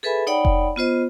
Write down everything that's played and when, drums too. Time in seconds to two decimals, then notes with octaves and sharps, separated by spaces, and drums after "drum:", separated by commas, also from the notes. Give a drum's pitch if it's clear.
0.03 G#4 A4 B4 E5 G#5 B5
0.27 D#4 C#5 D5 F#5 G5 B5
0.45 drum: kick F1
0.76 B3 F4 C5 D#5